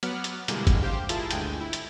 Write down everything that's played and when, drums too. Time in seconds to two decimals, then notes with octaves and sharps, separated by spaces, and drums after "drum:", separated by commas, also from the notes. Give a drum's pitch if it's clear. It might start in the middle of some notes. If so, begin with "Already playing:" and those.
0.03 F#3 B3 F#5 D6 F6 B6, drum: hi-hat
0.24 drum: hi-hat
0.48 B2 D3 E3 G3 G#3 A#3, drum: hi-hat
0.67 drum: kick, hi-hat
0.83 G4 C5 F5
1.09 E4 F4 G#4 A#4 A5, drum: hi-hat
1.31 G1 D2 G#3 G5 G#5, drum: hi-hat
1.61 E4
1.73 drum: hi-hat